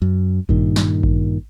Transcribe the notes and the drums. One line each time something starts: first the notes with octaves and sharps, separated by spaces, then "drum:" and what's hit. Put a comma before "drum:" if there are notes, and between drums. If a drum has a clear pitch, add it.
F#2
G2 A#2 D#3, drum: kick A1
drum: snare
drum: kick A1